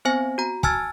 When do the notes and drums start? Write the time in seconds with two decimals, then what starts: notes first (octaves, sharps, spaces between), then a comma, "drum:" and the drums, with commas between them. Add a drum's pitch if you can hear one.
0.05 B3 C4 C5 G#5 A#6
0.38 F#4 A#5
0.63 G#5 A5 E6 F6 G#6 A6, drum: kick